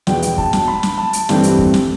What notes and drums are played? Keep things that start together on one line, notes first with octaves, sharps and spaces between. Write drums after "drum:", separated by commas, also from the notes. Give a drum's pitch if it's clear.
E2 B2 B3 G5, drum: snare
G5, drum: hi-hat
A5, drum: kick
A5, drum: snare
B5
drum: snare
A5
drum: hi-hat
G2 E3 A3 C4, drum: snare
drum: hi-hat
drum: kick
drum: snare